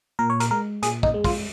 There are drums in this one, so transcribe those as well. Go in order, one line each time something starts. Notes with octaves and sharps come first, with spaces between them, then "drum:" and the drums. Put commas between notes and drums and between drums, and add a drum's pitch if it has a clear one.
A#2 A#4
C#5
A#4, drum: hi-hat
G#3 A#4
A#2 G#4, drum: hi-hat
D#4, drum: kick
G#3
F4, drum: kick, open hi-hat